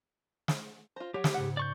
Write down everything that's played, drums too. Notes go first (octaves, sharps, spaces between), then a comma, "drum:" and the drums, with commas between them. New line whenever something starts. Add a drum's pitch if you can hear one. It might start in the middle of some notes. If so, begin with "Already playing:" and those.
drum: snare
F4 C5 A#5
F#3 G4 C#5
drum: snare
G#2 C#3 F#5 C#7
D5 C#6 G6